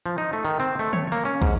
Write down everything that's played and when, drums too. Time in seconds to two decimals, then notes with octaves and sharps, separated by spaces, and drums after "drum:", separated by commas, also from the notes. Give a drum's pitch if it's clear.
0.06 F3
0.18 D#4
0.33 A3
0.45 D#3, drum: tambourine
0.60 C4
0.79 A3
0.93 C#5, drum: tom
1.12 A#3
1.25 C#4
1.42 G#2, drum: kick